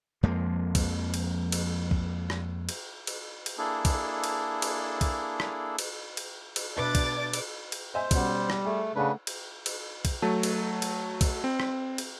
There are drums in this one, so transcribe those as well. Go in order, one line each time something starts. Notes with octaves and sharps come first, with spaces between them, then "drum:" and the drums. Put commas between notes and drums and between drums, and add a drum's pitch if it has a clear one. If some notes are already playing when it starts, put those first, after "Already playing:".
F2 F3 G#3 A#3
drum: kick B1, cymbal
drum: cymbal
drum: cymbal
drum: kick B1
drum: rim click
drum: cymbal
drum: cymbal
drum: cymbal
A#3 D4 E4 G#4 A4
drum: kick B1, cymbal
drum: cymbal
drum: cymbal
drum: kick B1, cymbal
drum: rim click
drum: cymbal
drum: cymbal
drum: cymbal
B2 D4 B4 E5 D6 A6
drum: kick B1, cymbal
drum: cymbal
drum: cymbal
C5 D#5 E5 G#5
B2 G3 C#4 F#5, drum: kick B1, cymbal
drum: rim click
A3 G#4
C#3 A3 D4 B4 F#5
drum: cymbal
drum: cymbal
drum: kick B1, cymbal
F#3 A3 A5
drum: cymbal
drum: cymbal
drum: kick B1, cymbal
C4
drum: rim click
drum: cymbal